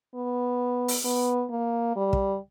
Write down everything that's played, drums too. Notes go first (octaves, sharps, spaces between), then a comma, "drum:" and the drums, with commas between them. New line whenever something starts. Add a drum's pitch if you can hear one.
B3
drum: open hi-hat
B3
A#3
G3
drum: kick